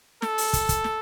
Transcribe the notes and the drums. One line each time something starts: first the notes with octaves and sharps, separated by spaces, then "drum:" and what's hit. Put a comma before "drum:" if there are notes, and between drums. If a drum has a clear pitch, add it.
A4, drum: snare
drum: open hi-hat
drum: kick, hi-hat
drum: kick, hi-hat
drum: snare